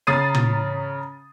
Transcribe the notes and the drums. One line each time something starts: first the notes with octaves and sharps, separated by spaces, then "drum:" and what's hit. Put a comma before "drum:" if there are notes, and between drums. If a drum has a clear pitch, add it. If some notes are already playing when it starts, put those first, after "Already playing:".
C#3 A#5 D#6 A6 C7 D#7
drum: tom